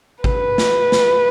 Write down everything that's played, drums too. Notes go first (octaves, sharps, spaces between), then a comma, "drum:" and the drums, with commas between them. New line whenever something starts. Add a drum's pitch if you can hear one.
B4, drum: kick G#1
drum: snare
drum: snare